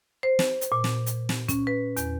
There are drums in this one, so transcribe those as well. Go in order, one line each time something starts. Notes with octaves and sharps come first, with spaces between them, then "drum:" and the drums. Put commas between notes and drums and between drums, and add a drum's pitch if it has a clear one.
C5
drum: snare
drum: hi-hat
A#2
drum: snare
drum: hi-hat
drum: snare
C#4, drum: kick, hi-hat
B4
E2, drum: hi-hat